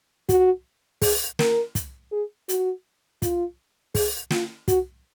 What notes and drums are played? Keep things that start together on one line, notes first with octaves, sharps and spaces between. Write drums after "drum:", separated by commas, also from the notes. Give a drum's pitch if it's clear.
F#4, drum: kick, hi-hat
G#4, drum: kick, open hi-hat
A#4, drum: snare
drum: kick, hi-hat
G#4
F#4, drum: hi-hat
F4, drum: kick, hi-hat
G#4, drum: kick, open hi-hat
F4, drum: snare
F#4, drum: kick, hi-hat